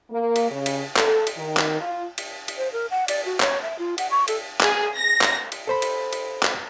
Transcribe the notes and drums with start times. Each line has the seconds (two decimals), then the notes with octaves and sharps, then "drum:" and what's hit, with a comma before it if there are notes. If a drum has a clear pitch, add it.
0.11 A#3
0.36 drum: cymbal
0.51 C#3
0.66 drum: cymbal
0.97 A4, drum: clap
1.27 drum: cymbal
1.37 D#3
1.57 drum: clap
1.81 F4
2.18 drum: cymbal
2.48 drum: cymbal
2.57 C5
2.72 A#4
2.90 F#5
3.08 D5, drum: cymbal
3.25 F#4
3.40 C#5, drum: clap
3.62 E5
3.79 F4
3.98 F#5, drum: cymbal
4.11 C#6
4.28 A4, drum: cymbal
4.61 G#4, drum: clap
4.95 A#6
5.21 drum: clap
5.52 drum: cymbal
5.67 A4 C5 B5
5.82 drum: cymbal
6.13 drum: cymbal
6.43 drum: clap